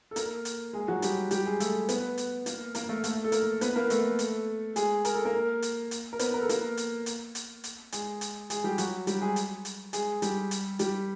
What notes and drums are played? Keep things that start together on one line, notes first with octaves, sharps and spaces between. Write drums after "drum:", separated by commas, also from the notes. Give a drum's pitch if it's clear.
A4
A#3 A#4, drum: hi-hat
drum: hi-hat
G#3 G#4
F#3 F#4
G3 G4, drum: hi-hat
G3 G4, drum: hi-hat
G#3 G#4
A3 A4, drum: hi-hat
B3 B4, drum: hi-hat
drum: hi-hat
A#3 A#4, drum: hi-hat
A#3 A#4, drum: hi-hat
A3 A4
A3 A4, drum: hi-hat
A4
A#3 A#4, drum: hi-hat
B3 B4, drum: hi-hat
A#3 A#4
A3 A4, drum: hi-hat
drum: hi-hat
G#3 G#4, drum: hi-hat
A#4, drum: hi-hat
A4
A#3 A#4
drum: hi-hat
drum: hi-hat
A#4
B3 B4, drum: hi-hat
A#4
A4
A#3 A#4, drum: hi-hat
drum: hi-hat
drum: hi-hat
drum: hi-hat
drum: hi-hat
G#3 G#4, drum: hi-hat
drum: hi-hat
G#3 G#4, drum: hi-hat
G3 G4
F#3 F#4, drum: hi-hat
G3 G4, drum: hi-hat
G#3 G#4
drum: hi-hat
drum: hi-hat
G#3 G#4, drum: hi-hat
G3 G4, drum: hi-hat
drum: hi-hat
G3 G4, drum: hi-hat